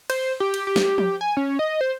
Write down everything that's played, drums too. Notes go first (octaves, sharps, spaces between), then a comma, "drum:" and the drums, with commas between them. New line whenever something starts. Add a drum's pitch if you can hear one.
C5, drum: cymbal
G4
drum: cymbal
G4
drum: snare
drum: tom F3
G#5
C#4
D#5
C5